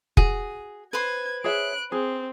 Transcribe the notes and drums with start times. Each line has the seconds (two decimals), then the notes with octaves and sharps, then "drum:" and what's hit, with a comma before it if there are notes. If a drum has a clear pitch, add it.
0.17 F#4 G#4, drum: kick
0.93 B4 C5 G#6
1.44 G#4 C#5 E5 F#6 D7
1.92 C4 G#4